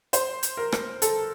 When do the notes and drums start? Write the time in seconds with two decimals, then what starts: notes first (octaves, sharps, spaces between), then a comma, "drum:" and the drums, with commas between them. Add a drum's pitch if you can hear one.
0.13 C5, drum: hi-hat
0.43 drum: hi-hat
0.57 A#4
0.72 drum: rim click
1.02 A4, drum: hi-hat